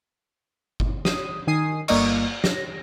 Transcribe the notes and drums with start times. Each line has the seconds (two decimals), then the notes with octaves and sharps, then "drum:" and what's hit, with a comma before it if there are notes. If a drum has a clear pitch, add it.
0.80 drum: kick G1
1.05 D#6, drum: snare
1.47 D#3 G#5 D#6 C7
1.88 G1 A#3 D5 D#5 C#6, drum: cymbal
2.44 A#6, drum: snare